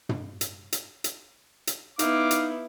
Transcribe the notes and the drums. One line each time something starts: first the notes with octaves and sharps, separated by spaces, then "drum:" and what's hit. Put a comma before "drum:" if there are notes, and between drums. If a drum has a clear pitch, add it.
drum: tom
drum: hi-hat
drum: hi-hat
drum: hi-hat
drum: hi-hat
B3 D#4 E4 F5 D6, drum: hi-hat
drum: hi-hat